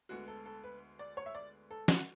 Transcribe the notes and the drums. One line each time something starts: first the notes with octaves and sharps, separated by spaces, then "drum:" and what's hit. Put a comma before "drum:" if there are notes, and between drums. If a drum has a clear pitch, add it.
D2 D3 G#3 B3 F#4
A4
A4
B4
D5
C#5
E5
D5
A4
F#4, drum: snare